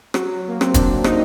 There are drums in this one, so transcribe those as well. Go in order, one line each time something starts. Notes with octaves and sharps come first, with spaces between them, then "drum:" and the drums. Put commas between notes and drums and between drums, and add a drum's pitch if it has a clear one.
F#3, drum: rim click
A#3
C4, drum: rim click
D4, drum: kick, hi-hat
D#4, drum: rim click